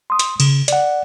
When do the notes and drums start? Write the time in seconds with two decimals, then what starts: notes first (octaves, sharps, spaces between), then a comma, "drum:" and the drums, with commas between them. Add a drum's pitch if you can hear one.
0.10 C6 D#6
0.19 drum: hi-hat
0.40 C#3, drum: cymbal
0.68 D5 F#5, drum: hi-hat